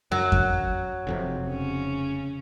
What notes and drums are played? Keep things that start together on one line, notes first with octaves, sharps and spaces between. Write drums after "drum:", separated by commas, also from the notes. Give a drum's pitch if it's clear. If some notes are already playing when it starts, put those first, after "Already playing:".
F#2 F#3
drum: kick F2
F1 F2 C3
C#3 C#4